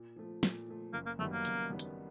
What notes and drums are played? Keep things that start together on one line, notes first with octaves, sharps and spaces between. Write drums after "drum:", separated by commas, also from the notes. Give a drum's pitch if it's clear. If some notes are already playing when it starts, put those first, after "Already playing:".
Already playing: A#2
F3 A3
A#2, drum: snare
F3 A3
F#1 A#3
A#3
F#2 D#3 G3 A3 B3
A#3
F#1, drum: hi-hat
F#2 D#3 G3 B3
drum: hi-hat